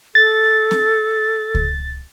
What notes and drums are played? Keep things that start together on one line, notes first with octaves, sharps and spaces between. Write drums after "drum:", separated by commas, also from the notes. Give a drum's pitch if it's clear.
A4 A6
drum: snare C4
drum: kick C#2